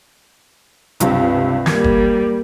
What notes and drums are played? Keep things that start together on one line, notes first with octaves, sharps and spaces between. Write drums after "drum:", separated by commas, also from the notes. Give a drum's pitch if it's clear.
C#2 G2 C3, drum: hi-hat
G3 A#3 G#6, drum: snare
drum: kick F#1